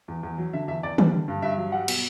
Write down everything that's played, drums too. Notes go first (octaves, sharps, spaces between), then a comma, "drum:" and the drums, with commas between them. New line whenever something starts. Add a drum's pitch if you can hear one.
E2
E2
F#3
D3 E5
E2 E5
E2 D5
G3, drum: tom D#3
D3
G2
G2 E5
F#3
G3 F#5
B2, drum: cymbal